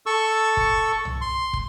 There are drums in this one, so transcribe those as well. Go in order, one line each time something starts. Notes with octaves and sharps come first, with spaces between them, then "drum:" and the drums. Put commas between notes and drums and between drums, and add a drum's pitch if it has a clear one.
A4 C#6 E6
drum: kick
drum: tom
C6
drum: kick